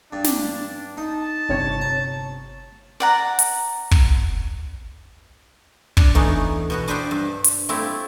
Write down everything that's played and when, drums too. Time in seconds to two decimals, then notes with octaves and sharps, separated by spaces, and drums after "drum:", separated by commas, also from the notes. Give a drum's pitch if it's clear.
0.13 G2 D4
0.24 drum: snare
0.97 D#4 A5
1.49 G1 C3 C#5
1.81 A#5
3.00 D5 F#5 A#5
3.39 drum: hi-hat
3.91 drum: kick
5.97 D4, drum: kick
6.15 E3 A3 B3 C#4 D#4
6.70 B2 B3 F#4
6.88 D4 B4 C5 E5 G5 A5
7.11 G2
7.44 drum: hi-hat
7.69 A3 C4 E4 F4 G4